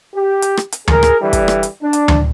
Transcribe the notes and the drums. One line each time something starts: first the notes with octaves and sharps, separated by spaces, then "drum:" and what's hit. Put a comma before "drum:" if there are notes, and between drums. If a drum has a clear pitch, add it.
G4
drum: hi-hat
drum: rim click
drum: hi-hat
G#4 A#4, drum: tom D2
drum: rim click
D3 E3 G3
drum: kick, hi-hat
drum: rim click
drum: hi-hat
D4
drum: hi-hat
drum: tom D2